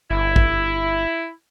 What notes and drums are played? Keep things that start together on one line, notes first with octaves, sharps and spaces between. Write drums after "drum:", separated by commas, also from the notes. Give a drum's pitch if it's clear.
G1 E4
drum: kick